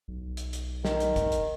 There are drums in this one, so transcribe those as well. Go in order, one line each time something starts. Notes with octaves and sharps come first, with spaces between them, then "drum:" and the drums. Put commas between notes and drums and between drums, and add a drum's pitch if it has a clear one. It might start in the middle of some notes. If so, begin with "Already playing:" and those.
B1
drum: hi-hat
drum: hi-hat
D#3, drum: snare
drum: hi-hat
drum: kick, hi-hat
drum: hi-hat